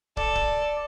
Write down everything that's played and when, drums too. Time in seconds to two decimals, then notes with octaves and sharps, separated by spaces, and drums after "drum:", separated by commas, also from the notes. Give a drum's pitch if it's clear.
0.17 A4 D5, drum: kick
0.35 drum: kick